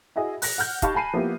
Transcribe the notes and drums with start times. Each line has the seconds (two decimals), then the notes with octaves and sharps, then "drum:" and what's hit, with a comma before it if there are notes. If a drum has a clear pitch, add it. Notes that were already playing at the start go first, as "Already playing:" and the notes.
0.16 E4 F#4 G#4 D#5
0.42 F#6 A#6, drum: open hi-hat
0.58 F#5 F6 G6
0.82 D#4 G4 F5 A5 B5 C#6, drum: kick, hi-hat
0.94 G#5 A5 B5 C7 D#7
1.13 F3 A#3 B3 E4 G4